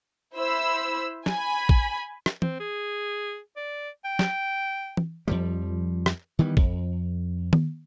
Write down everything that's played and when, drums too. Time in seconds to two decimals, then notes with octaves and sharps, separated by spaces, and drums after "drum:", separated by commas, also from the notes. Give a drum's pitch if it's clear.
0.35 E4 C5 B5 E6
1.26 G#5 B5, drum: snare
1.69 drum: kick
2.26 drum: rim click
2.42 C4, drum: tom
2.60 G#4
3.56 D5
4.04 G5
4.19 drum: snare
4.97 drum: tom
5.28 F2 F3 G3
6.06 drum: rim click
6.39 D#3 E3 G3 B3
6.57 F2, drum: kick
7.53 drum: tom D#3